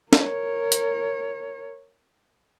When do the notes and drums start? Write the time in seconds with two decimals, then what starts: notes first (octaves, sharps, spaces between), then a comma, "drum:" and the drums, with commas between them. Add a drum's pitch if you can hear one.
0.13 A#4 C#5, drum: snare
0.72 drum: hi-hat